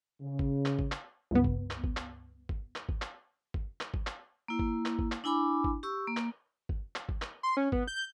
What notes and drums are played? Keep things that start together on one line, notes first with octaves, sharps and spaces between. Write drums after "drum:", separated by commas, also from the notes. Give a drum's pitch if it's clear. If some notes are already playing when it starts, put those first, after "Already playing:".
C#3
drum: kick G#1
drum: clap
drum: kick G#1
drum: clap
C#2 G2 B3
drum: kick G#1
drum: clap
drum: kick G#1
drum: clap
drum: kick G#1
drum: clap
drum: kick G#1
drum: clap
drum: kick G#1
drum: clap
drum: kick G#1
drum: clap
A#3 E4
drum: kick G#1
drum: clap
drum: kick G#1
drum: clap
D4 E4 G#5 B5 D6
drum: kick G#1
G4 C#6 E6
A#3
drum: clap
drum: kick G#1
drum: clap
drum: kick G#1
drum: clap
C6
C#4
B3, drum: kick G#1
G6